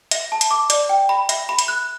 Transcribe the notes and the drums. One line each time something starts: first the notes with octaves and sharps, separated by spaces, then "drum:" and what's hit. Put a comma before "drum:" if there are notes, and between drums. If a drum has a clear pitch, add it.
E5, drum: hi-hat
A5
drum: hi-hat
D6
D5, drum: hi-hat
G5
B5
E5, drum: hi-hat
B5
drum: hi-hat
F#6